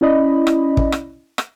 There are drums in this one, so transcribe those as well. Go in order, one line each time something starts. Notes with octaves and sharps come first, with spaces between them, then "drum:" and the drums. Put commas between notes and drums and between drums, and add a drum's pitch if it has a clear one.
C#4 E4 D5 D#5 B5
drum: rim click
drum: kick
drum: rim click
drum: rim click